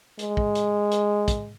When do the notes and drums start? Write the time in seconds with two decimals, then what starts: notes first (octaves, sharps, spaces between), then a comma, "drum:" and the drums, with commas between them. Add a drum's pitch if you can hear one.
0.19 G#3, drum: hi-hat
0.37 drum: kick
0.55 drum: hi-hat
0.92 drum: hi-hat
1.28 drum: kick, hi-hat